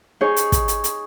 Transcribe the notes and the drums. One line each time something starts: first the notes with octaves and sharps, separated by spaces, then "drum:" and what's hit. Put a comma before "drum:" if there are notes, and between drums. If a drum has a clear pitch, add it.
D#4 G#4 C#5 C#6
drum: hi-hat
drum: kick, hi-hat
drum: hi-hat
drum: hi-hat